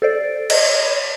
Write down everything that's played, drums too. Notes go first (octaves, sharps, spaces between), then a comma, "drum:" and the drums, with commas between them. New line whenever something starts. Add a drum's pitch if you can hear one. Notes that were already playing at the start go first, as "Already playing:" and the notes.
A4 C5 D5
C#5 D#5, drum: cymbal